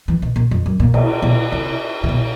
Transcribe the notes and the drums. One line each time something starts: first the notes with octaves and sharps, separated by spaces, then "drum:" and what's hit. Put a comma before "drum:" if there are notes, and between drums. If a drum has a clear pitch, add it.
E3
B2
A#2
F2
F#2
A#2
B2, drum: cymbal
B2
C3
C3
B2